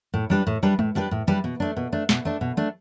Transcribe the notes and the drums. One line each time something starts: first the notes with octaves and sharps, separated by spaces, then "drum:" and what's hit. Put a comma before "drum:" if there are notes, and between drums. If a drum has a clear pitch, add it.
A2
G3 D4 G4 B4
A2
G3 D4 G4 B4
A2, drum: tom G#3
G3 D4 G4 B4
A2
G3 D4 G4 B4
B2
A3 D4
B2
A3 D4
B2, drum: snare
A3 D4
B2
A3 D4